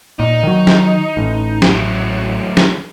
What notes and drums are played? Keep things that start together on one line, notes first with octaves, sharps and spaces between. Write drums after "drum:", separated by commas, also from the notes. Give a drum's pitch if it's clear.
A#2 D#4
D#3 F#3
drum: snare
A1
drum: snare
A2 F#3
drum: snare